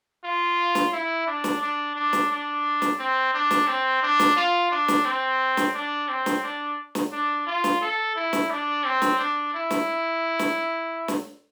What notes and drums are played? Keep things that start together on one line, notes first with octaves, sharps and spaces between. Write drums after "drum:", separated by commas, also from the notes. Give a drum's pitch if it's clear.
F4
drum: snare
E4
D4
drum: snare
D4
D4
drum: snare
D4
drum: snare
C4
D4
drum: snare
C4
D4
drum: snare
F4
D4
drum: snare
C4
drum: snare
D4
C4
drum: snare
D4
drum: snare
D4
F4
drum: snare
A4
E4
drum: snare
D4
C4
drum: snare
D4
E4
drum: snare
drum: snare
drum: snare